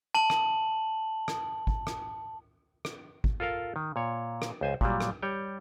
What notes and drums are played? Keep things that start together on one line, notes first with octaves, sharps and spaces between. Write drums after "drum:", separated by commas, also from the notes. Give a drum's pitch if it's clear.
A5 F#7
drum: rim click
drum: rim click
drum: kick
drum: rim click
drum: rim click
drum: kick
F4 A4 A#4 F5
D#3
A#2 C#5
drum: rim click
C#2 C5 G#5
A#2 F#3 G3, drum: kick
drum: rim click
G3 C#5 G5